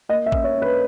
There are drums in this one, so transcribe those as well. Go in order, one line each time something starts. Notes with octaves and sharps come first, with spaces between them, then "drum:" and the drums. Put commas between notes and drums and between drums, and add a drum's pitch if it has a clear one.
A#3 D#5
E5
C#4, drum: kick A1
C#5
C#4
B4